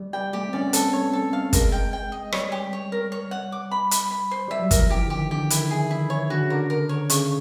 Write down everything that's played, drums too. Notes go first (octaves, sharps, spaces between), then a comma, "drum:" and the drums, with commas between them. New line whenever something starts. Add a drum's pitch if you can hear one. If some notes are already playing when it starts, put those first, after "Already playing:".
Already playing: G3
G3 G5
A3 G4
C4
C#4 D5
B3
C4 A4, drum: hi-hat
C#5
A4
F5
G#3 A#4, drum: kick, hi-hat
G5
G5
D#5
G3 C#5, drum: rim click
G4
C#5
A#4
C#5
F#5
D6
B5
B5, drum: hi-hat
B5
C5
G3 E5
F#3
F3 A#4, drum: kick, hi-hat
E3 G4
D3
D#3 G4
D3 G4
D#3 E4, drum: hi-hat
G#4
E4
C#5
D3 F#4
C#3
D3 A#4
A#4
C#5
C#3 C#6, drum: hi-hat